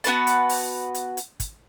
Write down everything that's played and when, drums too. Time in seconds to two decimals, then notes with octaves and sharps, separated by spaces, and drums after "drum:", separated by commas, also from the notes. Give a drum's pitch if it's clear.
0.04 B3 F#4 B4 A5, drum: hi-hat
0.27 drum: hi-hat
0.49 drum: open hi-hat
0.94 drum: hi-hat
1.17 drum: hi-hat
1.40 drum: kick, hi-hat